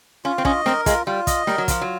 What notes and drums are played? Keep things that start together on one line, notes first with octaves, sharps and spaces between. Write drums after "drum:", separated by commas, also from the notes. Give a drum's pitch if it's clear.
C#4 F4
C4
C#4 D#5, drum: kick
C4 A#4, drum: snare
G#3 F4, drum: kick, hi-hat
G3 F4
D#5, drum: kick, hi-hat
G3 A#4, drum: snare
F#3
F3 F4, drum: kick, hi-hat
F#3